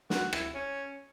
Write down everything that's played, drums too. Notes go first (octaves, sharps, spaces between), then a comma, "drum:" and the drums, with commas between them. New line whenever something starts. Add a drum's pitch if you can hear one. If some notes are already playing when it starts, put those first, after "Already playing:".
F#4, drum: snare
E4, drum: rim click
C#4